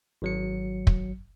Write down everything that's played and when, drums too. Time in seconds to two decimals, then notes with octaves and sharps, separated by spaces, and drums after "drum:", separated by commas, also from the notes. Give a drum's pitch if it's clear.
0.22 G#1 F#3 C#7
0.87 drum: kick